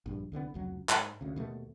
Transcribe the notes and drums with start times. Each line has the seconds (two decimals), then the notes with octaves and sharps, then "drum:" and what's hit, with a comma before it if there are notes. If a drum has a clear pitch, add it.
0.06 A#1 G2
0.32 C2 D3 D#3 B3
0.54 F1 C#2 F#3
0.89 G#2, drum: clap
1.21 D2 C#3
1.36 D#2 B2 D#3 A3